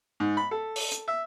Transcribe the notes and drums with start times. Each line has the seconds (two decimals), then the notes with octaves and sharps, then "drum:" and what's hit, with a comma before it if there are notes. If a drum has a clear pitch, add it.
0.20 G#2
0.37 B5
0.51 A4
0.76 drum: open hi-hat
0.92 drum: hi-hat
1.08 E5